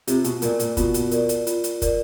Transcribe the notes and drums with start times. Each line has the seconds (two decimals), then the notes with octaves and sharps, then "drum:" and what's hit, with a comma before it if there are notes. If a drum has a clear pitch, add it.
0.07 C3 F4, drum: hi-hat
0.24 B2, drum: hi-hat
0.42 A#2 A#4 D5, drum: hi-hat
0.60 A#2, drum: hi-hat
0.77 B2 F4, drum: kick, hi-hat
0.94 drum: hi-hat
1.11 A#4 D5, drum: hi-hat
1.29 drum: hi-hat
1.47 F4, drum: hi-hat
1.64 drum: hi-hat
1.82 A#4 D5, drum: kick, hi-hat